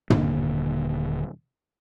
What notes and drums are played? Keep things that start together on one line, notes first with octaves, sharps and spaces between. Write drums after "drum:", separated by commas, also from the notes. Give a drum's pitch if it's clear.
D#1 D3 A#3, drum: tom